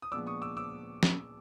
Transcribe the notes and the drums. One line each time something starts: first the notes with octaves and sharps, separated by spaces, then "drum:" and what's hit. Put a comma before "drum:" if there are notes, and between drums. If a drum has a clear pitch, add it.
D#6
A#2 F3 G#3 B3 D4 D6 E6
C#6 D#6
D6 E6
D6 E6
drum: snare